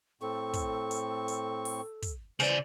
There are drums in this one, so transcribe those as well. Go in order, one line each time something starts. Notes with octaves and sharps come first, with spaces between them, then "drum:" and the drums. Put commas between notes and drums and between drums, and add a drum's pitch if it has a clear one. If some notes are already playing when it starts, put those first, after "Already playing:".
A2 C4 A4 C#6
drum: kick, hi-hat
drum: hi-hat
drum: hi-hat
drum: open hi-hat
drum: kick, hi-hat
C#3 E3 C5 D5, drum: hi-hat